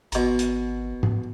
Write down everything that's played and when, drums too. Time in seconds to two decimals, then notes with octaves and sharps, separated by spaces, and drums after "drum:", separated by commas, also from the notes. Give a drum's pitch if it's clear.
0.12 G#1 B2 A#5, drum: hi-hat
0.39 drum: hi-hat
1.03 drum: tom